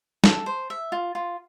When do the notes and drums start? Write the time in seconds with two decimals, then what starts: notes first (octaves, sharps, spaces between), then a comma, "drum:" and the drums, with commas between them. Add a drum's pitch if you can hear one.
0.24 A4, drum: snare
0.46 C5
0.70 E5
0.92 F4
1.15 F4